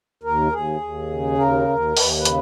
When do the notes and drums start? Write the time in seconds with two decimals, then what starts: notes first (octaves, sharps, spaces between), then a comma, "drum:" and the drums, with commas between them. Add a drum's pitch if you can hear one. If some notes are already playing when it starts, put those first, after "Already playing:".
0.23 D#2 A#4
0.52 D#2 G#4
0.81 D#2
1.10 C#3
1.39 D#2 A#4
1.68 D#2
1.97 D#2 B4, drum: open hi-hat
2.18 B4
2.25 C#3, drum: hi-hat